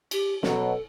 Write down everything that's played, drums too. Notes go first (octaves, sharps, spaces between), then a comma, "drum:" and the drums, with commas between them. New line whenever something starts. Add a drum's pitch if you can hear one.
G4, drum: cymbal
B2 F#3 A4, drum: snare